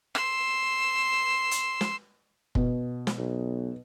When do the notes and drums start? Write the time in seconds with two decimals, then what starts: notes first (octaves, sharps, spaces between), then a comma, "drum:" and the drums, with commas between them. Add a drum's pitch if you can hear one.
0.15 C6 E6, drum: rim click
1.51 drum: hi-hat
1.81 drum: snare
2.55 B2, drum: kick
3.07 drum: snare
3.18 B1